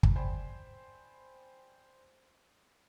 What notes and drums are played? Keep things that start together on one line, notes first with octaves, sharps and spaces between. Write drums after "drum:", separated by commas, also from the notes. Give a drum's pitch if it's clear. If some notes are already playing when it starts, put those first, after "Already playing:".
drum: kick
C5 D5 G5 G#5 B5